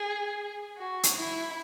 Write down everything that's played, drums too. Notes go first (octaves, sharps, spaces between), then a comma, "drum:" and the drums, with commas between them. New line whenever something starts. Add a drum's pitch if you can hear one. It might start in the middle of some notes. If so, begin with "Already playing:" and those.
Already playing: G#4
F#4
drum: hi-hat
E4